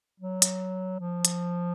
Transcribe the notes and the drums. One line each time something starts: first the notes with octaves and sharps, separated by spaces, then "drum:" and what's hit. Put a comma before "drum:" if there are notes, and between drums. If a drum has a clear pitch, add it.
F#3
drum: hi-hat
F3
drum: hi-hat